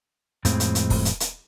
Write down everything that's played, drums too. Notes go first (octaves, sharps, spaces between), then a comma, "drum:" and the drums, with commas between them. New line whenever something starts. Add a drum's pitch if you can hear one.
F2 A2 F3 G#3 C4, drum: hi-hat
drum: hi-hat
drum: hi-hat
drum: kick, open hi-hat
drum: hi-hat
drum: hi-hat